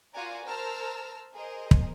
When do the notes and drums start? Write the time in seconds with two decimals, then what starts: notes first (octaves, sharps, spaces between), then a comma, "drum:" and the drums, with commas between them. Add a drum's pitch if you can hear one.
0.13 F4 F#4 A#4 D5 G#5 A#5
0.46 A#4 C5 A5 A#5 E6 F6
1.34 G#4 A#4 C5 D#5
1.71 drum: kick